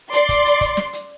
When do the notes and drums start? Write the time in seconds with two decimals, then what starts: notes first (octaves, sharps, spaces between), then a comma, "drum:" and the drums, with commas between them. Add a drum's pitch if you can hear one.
0.13 D5 C6, drum: hi-hat
0.29 drum: kick, hi-hat
0.45 drum: hi-hat
0.61 drum: kick, hi-hat
0.77 drum: snare
0.93 drum: hi-hat